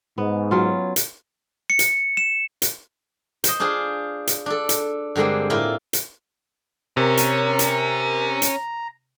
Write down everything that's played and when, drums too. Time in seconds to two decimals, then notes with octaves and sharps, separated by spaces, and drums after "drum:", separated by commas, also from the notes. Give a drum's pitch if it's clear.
0.18 G#2 B3
0.51 F#3 C#4 F4
0.96 drum: hi-hat
1.70 C#7
1.79 drum: hi-hat
2.17 E7
2.62 drum: hi-hat
3.44 C5 D#5, drum: hi-hat
3.60 D4 F4 G#4 C5
4.27 drum: hi-hat
4.46 D4 A4
4.69 drum: hi-hat
5.16 G2 D3 G#3 A#3 C4
5.50 A2 A#3 E4 F4
5.93 drum: hi-hat
6.97 C3 C#4 A#4 A#5
7.17 drum: hi-hat
7.59 drum: hi-hat
8.42 drum: hi-hat